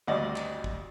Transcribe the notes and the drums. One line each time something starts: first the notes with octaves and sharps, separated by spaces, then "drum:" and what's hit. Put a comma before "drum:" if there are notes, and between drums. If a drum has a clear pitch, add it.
G#1 D2 G2 G3 D5 D#5
drum: clap
drum: kick